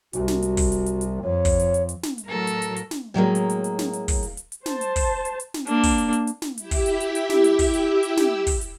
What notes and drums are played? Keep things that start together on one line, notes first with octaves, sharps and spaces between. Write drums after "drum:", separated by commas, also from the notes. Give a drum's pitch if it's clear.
C2 F#4, drum: hi-hat
drum: snare
drum: hi-hat
drum: kick, open hi-hat
drum: hi-hat
drum: hi-hat
drum: hi-hat
F2 C#5
drum: kick, open hi-hat
drum: hi-hat
drum: hi-hat
drum: hi-hat
drum: snare
drum: hi-hat
A2 F#3 A4 A#4
drum: hi-hat
drum: hi-hat
drum: hi-hat
drum: snare
A2 F#3 G#3 A#3
drum: hi-hat
drum: hi-hat
drum: hi-hat
drum: snare
drum: hi-hat
drum: kick, open hi-hat
drum: hi-hat
drum: hi-hat
drum: hi-hat
C5 A5, drum: snare
drum: hi-hat
drum: kick, open hi-hat
drum: hi-hat
drum: hi-hat
drum: snare
A#3 D4, drum: hi-hat
drum: kick, open hi-hat
drum: hi-hat
drum: hi-hat
drum: hi-hat
drum: snare
E4 G4 E5, drum: hi-hat
drum: kick, open hi-hat
drum: hi-hat
drum: hi-hat
drum: hi-hat
drum: snare
drum: hi-hat
drum: kick, open hi-hat
drum: hi-hat
drum: hi-hat
drum: snare
drum: kick, open hi-hat
drum: hi-hat